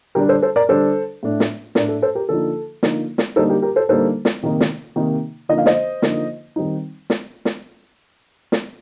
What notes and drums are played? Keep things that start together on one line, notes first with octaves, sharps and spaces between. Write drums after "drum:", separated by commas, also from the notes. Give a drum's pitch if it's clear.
D3 G3 D4 G4 A#4
A4 C5
A4 C5
A#4 D5
D3 G3 D4 A4 C5
A2 A3 D4
drum: snare
A2 A3 D4 A#4 D5, drum: snare
A4
A4 C5
G4 A#4
D3 F3 A#3 D#4 A4
D3 F3 A#3 D#4, drum: snare
drum: snare
D3 G3 A#3 D#4 A4 C5
G4 A#4
G4 A#4
A4 C5
D3 G3 A#3 D#4 A4 C5
drum: snare
C3 D#3 A#3 D#4
drum: snare
C3 D#3 A#3 D#4
D3 F3 A#3 D#4 D#5
F5
C5 D#5, drum: snare
D3 F3 A#3 D#4, drum: snare
D#3 G3 C4 D#4
drum: snare
drum: snare
drum: snare